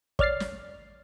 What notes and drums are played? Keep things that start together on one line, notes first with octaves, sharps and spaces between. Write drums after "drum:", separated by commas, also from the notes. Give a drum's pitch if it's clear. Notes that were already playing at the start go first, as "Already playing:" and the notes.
C#5 D5 F6 A6 C7, drum: kick
drum: snare